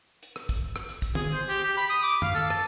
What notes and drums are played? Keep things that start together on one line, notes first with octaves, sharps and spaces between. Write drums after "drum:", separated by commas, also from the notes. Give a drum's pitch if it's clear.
drum: hi-hat
drum: rim click
drum: kick, hi-hat
drum: rim click
drum: hi-hat
drum: kick, hi-hat
G#4, drum: tom
C5
G4
G4
B5
D#6
D6
F5, drum: tom F#2
A4, drum: hi-hat
A5, drum: rim click